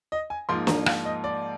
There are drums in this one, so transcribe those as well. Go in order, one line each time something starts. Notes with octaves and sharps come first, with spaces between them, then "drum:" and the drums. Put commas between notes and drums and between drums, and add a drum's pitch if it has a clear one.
D#5
G#5
G#2 F3 A#3 C6
A#5, drum: snare
F5, drum: rim click
D#5
D5